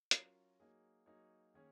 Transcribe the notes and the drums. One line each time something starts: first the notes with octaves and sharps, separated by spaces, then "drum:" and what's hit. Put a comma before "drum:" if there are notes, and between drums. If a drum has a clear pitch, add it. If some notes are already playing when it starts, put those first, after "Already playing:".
F#3 C#4 F4 A#4, drum: hi-hat
F#3 A#3 D#4 G#4 C#5
F#3 A#3 D#4 G#4 C#5
D#3 A#3 C#4 G#4 C#5